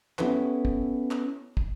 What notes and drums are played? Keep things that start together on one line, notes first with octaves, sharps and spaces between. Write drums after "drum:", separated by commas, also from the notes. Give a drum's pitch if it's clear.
B3 C#4 E4 G4 A4 B4, drum: clap
drum: kick
drum: clap
drum: kick